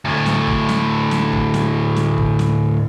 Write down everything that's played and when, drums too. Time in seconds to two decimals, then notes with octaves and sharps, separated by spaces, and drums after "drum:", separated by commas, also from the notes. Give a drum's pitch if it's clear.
0.05 D2 A2
0.26 drum: snare
0.47 drum: kick
0.69 drum: snare
1.11 drum: snare
1.33 drum: kick
1.54 drum: snare
1.96 drum: snare
2.18 drum: kick
2.39 drum: snare